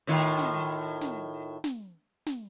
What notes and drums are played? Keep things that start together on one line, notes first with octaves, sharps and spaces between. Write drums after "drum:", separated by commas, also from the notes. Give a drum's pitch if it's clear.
A2 D#3 F4
drum: snare
drum: snare
drum: snare
drum: snare